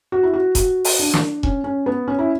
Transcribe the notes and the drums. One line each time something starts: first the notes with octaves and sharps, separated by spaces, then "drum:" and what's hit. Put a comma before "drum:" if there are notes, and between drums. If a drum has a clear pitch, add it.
F#4
E4
F#4
F#4, drum: kick E1, hi-hat
drum: open hi-hat
D4
drum: snare
C#4, drum: kick E1
C#4
B3
C#4
E4